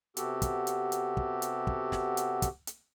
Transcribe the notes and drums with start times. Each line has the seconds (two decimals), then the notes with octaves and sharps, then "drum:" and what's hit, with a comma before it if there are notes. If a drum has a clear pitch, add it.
0.17 C3 B3 F#4 G4 A4, drum: hi-hat
0.42 drum: kick, hi-hat
0.67 drum: hi-hat
0.92 drum: hi-hat
1.17 drum: kick
1.42 drum: hi-hat
1.67 drum: kick
1.92 drum: snare
2.17 drum: hi-hat
2.42 drum: kick, hi-hat
2.67 drum: hi-hat